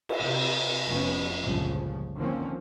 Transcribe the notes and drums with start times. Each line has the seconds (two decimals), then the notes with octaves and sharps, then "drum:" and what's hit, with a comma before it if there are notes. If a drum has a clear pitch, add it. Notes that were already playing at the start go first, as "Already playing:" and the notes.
0.09 drum: cymbal
0.21 C3
0.88 F1 C3 B3 C#4
1.42 G1 C#2 A#2 C#3 F3
2.18 D3 D#3 F3 A#3 C4 C#4